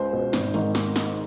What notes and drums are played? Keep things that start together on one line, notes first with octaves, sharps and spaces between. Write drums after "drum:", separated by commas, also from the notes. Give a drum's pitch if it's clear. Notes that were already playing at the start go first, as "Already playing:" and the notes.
Already playing: C#2 C5
B2
G#1, drum: snare
G#2 D#3, drum: hi-hat
drum: snare
drum: snare